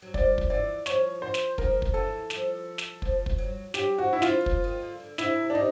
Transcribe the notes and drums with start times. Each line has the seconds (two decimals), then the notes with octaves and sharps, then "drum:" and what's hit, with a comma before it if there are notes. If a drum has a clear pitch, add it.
0.02 F#3
0.14 F3 D5, drum: kick
0.38 drum: kick
0.50 E3 D5
0.86 F3 C#5, drum: snare
1.22 C5
1.34 drum: snare
1.58 F3 A#4, drum: kick
1.82 drum: kick
1.94 E3 A4
2.30 F3, drum: snare
2.78 drum: snare
3.02 F3, drum: kick
3.26 drum: kick
3.38 F#3
3.74 F#3 G4, drum: snare
3.98 F3 F#4
4.13 E4
4.22 F3 F4, drum: snare
4.41 E3
4.46 F3, drum: kick
4.64 D#3
4.82 D3
5.00 D3
5.18 C3 E4, drum: snare
5.27 C#3
5.35 C3
5.50 D4
5.55 C3 D#4